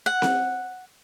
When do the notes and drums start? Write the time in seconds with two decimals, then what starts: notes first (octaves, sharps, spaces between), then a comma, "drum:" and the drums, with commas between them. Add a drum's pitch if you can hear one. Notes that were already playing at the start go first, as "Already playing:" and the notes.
0.06 F#5
0.22 drum: snare C4